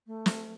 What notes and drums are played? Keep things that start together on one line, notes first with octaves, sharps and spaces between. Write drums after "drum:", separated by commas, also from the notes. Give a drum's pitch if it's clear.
A3
drum: snare